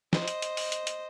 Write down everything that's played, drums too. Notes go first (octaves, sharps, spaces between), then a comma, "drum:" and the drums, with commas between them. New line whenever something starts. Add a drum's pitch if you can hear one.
C5 D#5, drum: snare
drum: hi-hat
drum: hi-hat
drum: open hi-hat
drum: hi-hat
drum: hi-hat